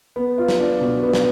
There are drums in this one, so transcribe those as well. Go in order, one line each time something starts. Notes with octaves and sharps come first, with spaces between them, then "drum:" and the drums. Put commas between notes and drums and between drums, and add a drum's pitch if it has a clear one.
B3
F4
drum: snare
D4
B2
B3
drum: snare